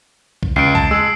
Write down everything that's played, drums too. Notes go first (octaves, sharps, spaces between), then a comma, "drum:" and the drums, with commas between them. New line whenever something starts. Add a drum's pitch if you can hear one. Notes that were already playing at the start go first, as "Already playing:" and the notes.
drum: kick C2
C#2 C7 D7
A5, drum: kick C2
G#3 E6